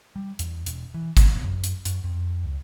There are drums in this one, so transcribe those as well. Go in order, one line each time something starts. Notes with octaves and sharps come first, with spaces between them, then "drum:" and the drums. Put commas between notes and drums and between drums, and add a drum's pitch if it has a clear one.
G3
E2, drum: hi-hat
E1, drum: hi-hat
E3
C#3, drum: kick, hi-hat
F#2
drum: hi-hat
F#2, drum: hi-hat
F2
C#2